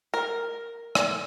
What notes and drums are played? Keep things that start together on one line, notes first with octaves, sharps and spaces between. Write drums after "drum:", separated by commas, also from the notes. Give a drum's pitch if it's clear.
A#4
drum: rim click